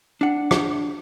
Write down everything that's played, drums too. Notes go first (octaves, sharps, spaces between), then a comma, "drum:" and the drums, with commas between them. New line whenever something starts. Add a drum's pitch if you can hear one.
D4 F#5
drum: rim click